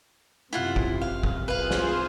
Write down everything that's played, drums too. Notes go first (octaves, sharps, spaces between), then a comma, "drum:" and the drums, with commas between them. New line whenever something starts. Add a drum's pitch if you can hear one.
F#2 C3 E4 F4 F#5
drum: kick
F5
drum: kick
C2 F4 G#4 B4 C5 F5
drum: snare